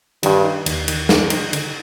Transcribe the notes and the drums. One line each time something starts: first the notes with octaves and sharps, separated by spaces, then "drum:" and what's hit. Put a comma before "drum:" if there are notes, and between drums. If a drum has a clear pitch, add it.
G2 D#3, drum: cymbal
D#4
D#2, drum: cymbal
D#3, drum: cymbal
D#4, drum: snare
D#4, drum: cymbal
D3, drum: cymbal